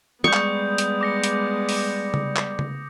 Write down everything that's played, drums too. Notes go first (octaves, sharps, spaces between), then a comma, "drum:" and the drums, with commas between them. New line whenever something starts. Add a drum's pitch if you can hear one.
G3 G#3 B3 C#6 D#6 G6
drum: clap
drum: hi-hat
D6 A#6 C#7
drum: hi-hat
drum: open hi-hat
drum: tom C#3
drum: clap
drum: tom C#3